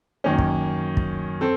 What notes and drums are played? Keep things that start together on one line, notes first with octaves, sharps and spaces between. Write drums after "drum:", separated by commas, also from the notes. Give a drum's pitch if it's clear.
F#2 D#3 A#3 C#4
drum: kick
drum: kick
C4 A4